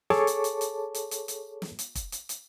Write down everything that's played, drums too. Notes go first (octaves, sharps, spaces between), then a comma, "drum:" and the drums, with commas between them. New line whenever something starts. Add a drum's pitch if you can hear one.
G#4 A4 C#5 A5 C#6 D6, drum: snare
drum: hi-hat
drum: hi-hat
drum: hi-hat
drum: hi-hat
drum: hi-hat
drum: hi-hat
drum: snare
drum: hi-hat
drum: kick, hi-hat
drum: hi-hat
drum: hi-hat